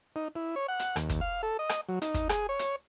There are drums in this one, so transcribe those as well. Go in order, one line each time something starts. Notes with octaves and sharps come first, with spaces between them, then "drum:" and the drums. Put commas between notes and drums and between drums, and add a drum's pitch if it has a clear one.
D#4
E4
C#5
F#5
drum: hi-hat
D#2, drum: rim click
drum: kick, hi-hat
F5
A4
D#5
drum: rim click
F#3
D#4, drum: hi-hat
drum: kick, hi-hat
G#4, drum: rim click
C#5
drum: hi-hat